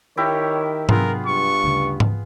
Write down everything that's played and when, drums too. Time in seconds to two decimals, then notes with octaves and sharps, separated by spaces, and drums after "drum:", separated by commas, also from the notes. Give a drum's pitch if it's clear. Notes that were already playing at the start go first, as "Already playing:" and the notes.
0.17 D#3 E4 G4 A#4 C#5
0.89 C3 F#3 B3 D4 F4 G#4 A#4, drum: tom G#2
1.26 G2 C#6
1.64 D2 C#3
2.00 drum: tom G#2